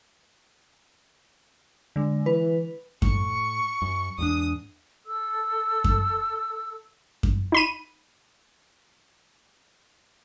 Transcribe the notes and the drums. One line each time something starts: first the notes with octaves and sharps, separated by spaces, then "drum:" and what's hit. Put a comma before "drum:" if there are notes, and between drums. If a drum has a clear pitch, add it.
D3 G#3
E3 B4
A2 C#6, drum: kick F#2
F#2
E2 G#2 D4 D#6
A4 E6
drum: kick F#2
drum: kick F#2
D#4 B5 D#7